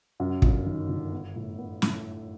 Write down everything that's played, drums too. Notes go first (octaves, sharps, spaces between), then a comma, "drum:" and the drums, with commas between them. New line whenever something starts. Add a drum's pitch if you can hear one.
F#2
G1, drum: kick
D#3
G1
B3
A2
B3
A2, drum: snare